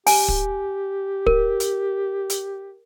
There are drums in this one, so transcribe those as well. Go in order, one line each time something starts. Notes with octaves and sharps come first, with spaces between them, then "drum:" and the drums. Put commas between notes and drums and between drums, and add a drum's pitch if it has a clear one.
G4 G#5, drum: open hi-hat
drum: kick
A#4, drum: kick
drum: hi-hat
drum: hi-hat